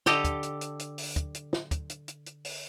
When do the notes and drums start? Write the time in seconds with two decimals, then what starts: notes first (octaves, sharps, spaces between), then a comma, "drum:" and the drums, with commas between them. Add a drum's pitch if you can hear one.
0.06 D3 G4 A4 D#5 A#5, drum: snare
0.24 drum: kick, hi-hat
0.43 drum: hi-hat
0.61 drum: hi-hat
0.80 drum: hi-hat
0.98 drum: open hi-hat
1.16 drum: kick, hi-hat
1.35 drum: hi-hat
1.53 drum: snare
1.71 drum: kick, hi-hat
1.90 drum: hi-hat
2.08 drum: hi-hat
2.26 drum: hi-hat
2.45 drum: open hi-hat